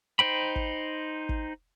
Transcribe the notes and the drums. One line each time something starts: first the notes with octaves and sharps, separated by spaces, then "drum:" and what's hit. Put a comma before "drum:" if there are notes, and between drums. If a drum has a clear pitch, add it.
D#4 C5 G5 B5
drum: kick
drum: kick